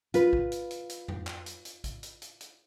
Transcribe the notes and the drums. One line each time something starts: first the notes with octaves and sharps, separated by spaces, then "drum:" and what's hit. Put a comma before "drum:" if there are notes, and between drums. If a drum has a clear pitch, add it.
F4 B4, drum: hi-hat
drum: kick A1
drum: hi-hat
drum: hi-hat
drum: hi-hat
drum: tom F2
drum: clap
drum: hi-hat
drum: hi-hat
drum: kick A1, hi-hat
drum: hi-hat
drum: hi-hat
drum: hi-hat